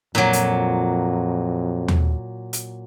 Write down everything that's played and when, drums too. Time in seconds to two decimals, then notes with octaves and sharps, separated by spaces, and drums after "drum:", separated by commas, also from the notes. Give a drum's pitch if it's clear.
0.15 F2 A#2 F#3
0.33 drum: hi-hat
1.88 drum: tom
2.53 drum: hi-hat